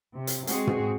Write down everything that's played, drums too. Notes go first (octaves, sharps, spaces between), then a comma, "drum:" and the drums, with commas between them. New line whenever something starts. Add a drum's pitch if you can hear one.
C3
drum: hi-hat
G#3 C4 F#4 G#4, drum: hi-hat
drum: tom